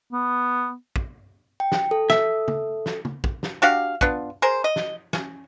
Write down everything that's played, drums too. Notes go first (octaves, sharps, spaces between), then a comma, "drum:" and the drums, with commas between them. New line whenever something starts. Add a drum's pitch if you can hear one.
B3
drum: kick
G5
drum: snare
A4
E5, drum: snare
drum: tom
drum: snare
drum: tom
drum: kick
drum: snare
D4 F#4 G4 F5
B3 D4 F4, drum: kick
G#4 A#4 C5
D#5
drum: snare
C#4, drum: snare